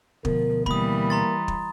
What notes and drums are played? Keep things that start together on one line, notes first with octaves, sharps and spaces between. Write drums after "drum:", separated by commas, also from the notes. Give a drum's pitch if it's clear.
D2 B2 F3 A#4, drum: kick
E3 G3 A#3 B5 D#6, drum: kick
A#5 C6 A6
drum: kick